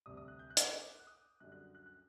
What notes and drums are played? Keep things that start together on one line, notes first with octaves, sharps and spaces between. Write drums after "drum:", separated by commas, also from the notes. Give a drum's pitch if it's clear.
D2 C3 G3 D#6
D#6
F#6
G6
F#6
D#6, drum: hi-hat
D6
F#6
D#6
F#2 D3 G3 F#6
F#6
F#6
F#6